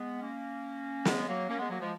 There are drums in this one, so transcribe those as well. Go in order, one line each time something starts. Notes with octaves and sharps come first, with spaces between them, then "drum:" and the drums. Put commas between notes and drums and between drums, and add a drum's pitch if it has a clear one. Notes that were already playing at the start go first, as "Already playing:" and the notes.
Already playing: G#3 B3
A#3 C#4
G#3 B3, drum: snare
F#3 A#3
A#3 C#4
G#3 B3
F#3 A#3
F3 G#3